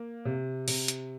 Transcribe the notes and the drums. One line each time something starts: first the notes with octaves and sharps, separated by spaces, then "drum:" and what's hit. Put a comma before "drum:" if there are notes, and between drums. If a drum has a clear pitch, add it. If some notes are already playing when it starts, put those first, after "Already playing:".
Already playing: A#3
C3
C3, drum: open hi-hat
drum: hi-hat